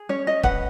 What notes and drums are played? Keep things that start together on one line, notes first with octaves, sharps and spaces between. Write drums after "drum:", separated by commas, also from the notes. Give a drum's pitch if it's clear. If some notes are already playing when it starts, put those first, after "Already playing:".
Already playing: G#4
C#4 C#5
D#5
B4 F#5, drum: kick